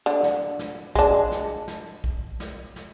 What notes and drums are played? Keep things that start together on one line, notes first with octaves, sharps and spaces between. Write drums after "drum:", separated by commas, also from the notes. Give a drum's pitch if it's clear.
D3
drum: snare
drum: snare
G#3 D4, drum: kick A#1
drum: snare
drum: snare
drum: kick A#1
drum: snare
drum: snare